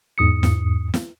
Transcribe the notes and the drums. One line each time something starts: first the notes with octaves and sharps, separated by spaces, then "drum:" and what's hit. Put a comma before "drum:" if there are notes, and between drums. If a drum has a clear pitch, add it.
E2 G#2 D#6 C#7
drum: snare
drum: snare